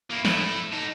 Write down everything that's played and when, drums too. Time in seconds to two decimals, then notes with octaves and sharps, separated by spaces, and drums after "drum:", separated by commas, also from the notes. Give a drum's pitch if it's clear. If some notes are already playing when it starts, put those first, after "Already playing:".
0.11 A#3 E4
0.25 A3 E4, drum: snare
0.73 D#4 A4